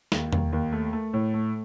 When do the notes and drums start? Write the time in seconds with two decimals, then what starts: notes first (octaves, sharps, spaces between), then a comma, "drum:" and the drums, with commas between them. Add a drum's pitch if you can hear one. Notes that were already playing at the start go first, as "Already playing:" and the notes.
0.12 D#2, drum: snare
0.33 D#2, drum: tom E2
0.53 D#2
0.72 A3
0.93 A3
1.13 A2
1.34 A3